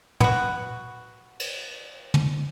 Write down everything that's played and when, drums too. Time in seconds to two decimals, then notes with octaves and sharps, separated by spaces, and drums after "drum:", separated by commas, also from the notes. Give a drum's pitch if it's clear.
0.20 B3 F#4, drum: tom
1.40 drum: cymbal
2.14 drum: tom